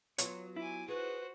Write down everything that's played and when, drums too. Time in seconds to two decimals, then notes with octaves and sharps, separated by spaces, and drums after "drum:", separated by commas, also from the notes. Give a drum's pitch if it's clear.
0.18 F#3 B3 F4 C#5, drum: hi-hat
0.56 E4 G#5 D6
0.88 F#4 G#4 B4 C5